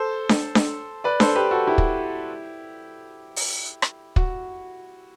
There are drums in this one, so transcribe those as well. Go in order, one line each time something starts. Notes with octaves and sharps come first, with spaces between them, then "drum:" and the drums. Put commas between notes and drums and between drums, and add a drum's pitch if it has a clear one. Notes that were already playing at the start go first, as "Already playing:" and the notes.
Already playing: A4 C5
drum: snare D4
drum: snare D4
B4 D5
A4 C5, drum: snare D4
G4 B4
F#4 A4
E4 G4
drum: kick
drum: open hi-hat
drum: rim click
F#4, drum: kick